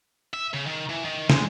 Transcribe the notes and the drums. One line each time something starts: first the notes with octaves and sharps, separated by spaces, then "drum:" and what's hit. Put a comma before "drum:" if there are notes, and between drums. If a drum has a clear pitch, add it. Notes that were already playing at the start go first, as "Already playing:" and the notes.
E5
C#3
D#3
E3
D#3
G#3, drum: snare